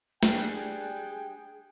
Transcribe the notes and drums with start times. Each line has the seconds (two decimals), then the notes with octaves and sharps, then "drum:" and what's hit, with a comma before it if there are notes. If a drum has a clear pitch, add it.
0.23 G3 D4 G#4 G5, drum: snare